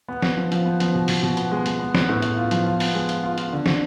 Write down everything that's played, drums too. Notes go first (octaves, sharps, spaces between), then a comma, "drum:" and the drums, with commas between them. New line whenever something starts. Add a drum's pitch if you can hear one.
B3
B3, drum: snare
F3
F3, drum: hi-hat
B3
F3, drum: hi-hat
B2
B2, drum: open hi-hat
B2
B3, drum: hi-hat
G#3
G#3, drum: hi-hat
B3
B3, drum: snare
A2
A2, drum: hi-hat
F4
F3, drum: hi-hat
F4
B3, drum: open hi-hat
G#3
F4, drum: hi-hat
F4
F4, drum: hi-hat
D3
D3, drum: snare